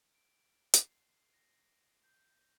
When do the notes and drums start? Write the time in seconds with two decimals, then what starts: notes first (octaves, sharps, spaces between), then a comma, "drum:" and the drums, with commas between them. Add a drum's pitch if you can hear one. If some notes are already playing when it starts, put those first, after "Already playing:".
0.15 D7
0.74 C7, drum: hi-hat
1.33 A#6
2.04 G6